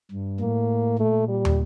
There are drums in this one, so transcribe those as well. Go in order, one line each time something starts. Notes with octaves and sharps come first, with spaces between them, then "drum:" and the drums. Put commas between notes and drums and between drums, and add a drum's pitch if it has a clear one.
G2
A2 A#3
A#2 A3
G3
drum: tom